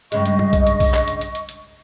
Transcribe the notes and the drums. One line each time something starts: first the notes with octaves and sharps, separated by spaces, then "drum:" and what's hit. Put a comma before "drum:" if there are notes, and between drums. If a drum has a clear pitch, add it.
G2 C#3 G#3 D#5 C#6, drum: hi-hat
drum: hi-hat
drum: tom
drum: kick B1, hi-hat
drum: hi-hat
drum: kick B1, open hi-hat
drum: clap
drum: hi-hat
drum: hi-hat
drum: hi-hat
drum: hi-hat